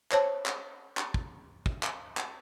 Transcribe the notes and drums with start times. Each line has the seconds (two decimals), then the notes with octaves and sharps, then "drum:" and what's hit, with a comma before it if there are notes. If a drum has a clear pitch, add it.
0.11 C5 C#5 A5, drum: clap
0.46 drum: clap
0.97 drum: clap
1.14 drum: kick
1.66 drum: kick
1.83 drum: clap
2.17 drum: clap